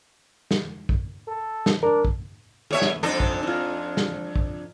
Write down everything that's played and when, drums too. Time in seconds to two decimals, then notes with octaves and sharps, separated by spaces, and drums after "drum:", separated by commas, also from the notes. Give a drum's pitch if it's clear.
0.51 drum: snare
0.89 drum: kick
1.28 A4
1.66 drum: snare
1.83 D4 A#4
2.05 drum: kick
2.71 D#2 A3 B3 C#5 E5
2.82 drum: snare
3.03 F2 D4 D#4 A4 C5 D#5
3.20 drum: kick
3.43 D#4 F4
3.97 drum: snare
4.36 drum: kick